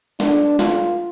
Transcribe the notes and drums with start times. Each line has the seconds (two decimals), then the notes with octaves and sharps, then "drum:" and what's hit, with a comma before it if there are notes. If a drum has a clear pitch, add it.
0.20 D4, drum: snare
0.59 F4, drum: snare